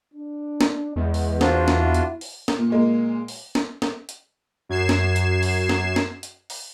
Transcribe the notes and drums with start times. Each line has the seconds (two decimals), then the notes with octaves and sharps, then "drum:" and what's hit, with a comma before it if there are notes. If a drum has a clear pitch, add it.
0.14 D4
0.61 drum: snare
0.96 E2 G#3
1.14 drum: open hi-hat
1.41 D4 F4 F#4 C5, drum: snare
1.68 drum: snare
1.78 E4
1.94 drum: hi-hat
2.21 drum: open hi-hat
2.48 drum: snare
2.58 A#2
2.70 A#2 G#3 A#3
3.28 drum: open hi-hat
3.55 drum: snare
3.82 drum: snare
4.09 drum: hi-hat
4.69 F#2 G#6 C7 E7
4.89 drum: snare
5.16 drum: hi-hat
5.43 drum: open hi-hat
5.69 drum: snare
5.96 drum: snare
6.23 drum: hi-hat
6.50 drum: open hi-hat